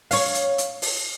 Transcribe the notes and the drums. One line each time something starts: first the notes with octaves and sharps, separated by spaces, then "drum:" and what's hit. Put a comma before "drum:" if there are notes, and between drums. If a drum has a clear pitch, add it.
C#5 F5, drum: open hi-hat
drum: hi-hat
drum: hi-hat
drum: open hi-hat